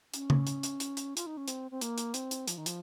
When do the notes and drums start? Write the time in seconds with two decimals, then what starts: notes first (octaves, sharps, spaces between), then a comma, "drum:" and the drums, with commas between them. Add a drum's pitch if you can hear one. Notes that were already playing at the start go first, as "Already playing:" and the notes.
0.14 C#4, drum: hi-hat
0.30 drum: tom C#3
0.47 drum: hi-hat
0.63 drum: hi-hat
0.80 drum: hi-hat
0.97 drum: hi-hat
1.17 F4, drum: hi-hat
1.26 D#4
1.37 C#4
1.48 C4, drum: hi-hat
1.71 C4
1.81 A#3, drum: hi-hat
1.98 drum: hi-hat
2.14 C4, drum: hi-hat
2.31 drum: hi-hat
2.48 F3, drum: hi-hat
2.57 D#3
2.66 F3, drum: hi-hat